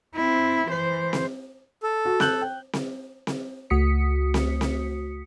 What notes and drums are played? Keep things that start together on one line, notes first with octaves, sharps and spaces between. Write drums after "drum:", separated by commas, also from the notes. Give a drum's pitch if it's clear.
C4 E4
E3 C5
drum: snare C4
A4
F#4
F#6 G6 F#7, drum: snare C4
G5
drum: snare C4
drum: snare C4
C#2 A3 F#4 D#6 B6 C#7
drum: snare C4
drum: snare C4